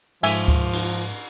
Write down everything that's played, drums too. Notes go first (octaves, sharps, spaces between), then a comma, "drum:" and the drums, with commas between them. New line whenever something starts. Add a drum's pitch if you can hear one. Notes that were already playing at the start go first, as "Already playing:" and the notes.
G#2 F3 E5 G#5, drum: cymbal
drum: kick D2
drum: cymbal